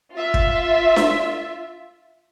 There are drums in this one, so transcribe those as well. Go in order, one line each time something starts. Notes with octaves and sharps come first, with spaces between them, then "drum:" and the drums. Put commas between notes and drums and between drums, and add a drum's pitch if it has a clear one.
F4 E5
drum: kick
drum: snare D4